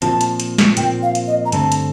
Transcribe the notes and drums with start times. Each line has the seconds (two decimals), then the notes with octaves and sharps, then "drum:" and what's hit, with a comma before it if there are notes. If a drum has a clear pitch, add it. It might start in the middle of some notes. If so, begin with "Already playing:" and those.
0.02 A#2 F3 C4 A5, drum: hi-hat
0.21 drum: hi-hat
0.40 drum: hi-hat
0.58 drum: snare
0.77 A#2 F3 C4 G5, drum: hi-hat
1.03 F5
1.15 drum: hi-hat
1.27 D#5
1.46 A#5
1.52 G2 D3 A3 C4 A5, drum: hi-hat
1.72 drum: hi-hat